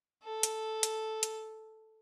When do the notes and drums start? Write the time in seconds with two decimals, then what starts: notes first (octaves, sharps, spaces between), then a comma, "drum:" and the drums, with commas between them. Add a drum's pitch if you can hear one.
0.24 A4
0.43 drum: hi-hat
0.83 drum: hi-hat
1.23 drum: hi-hat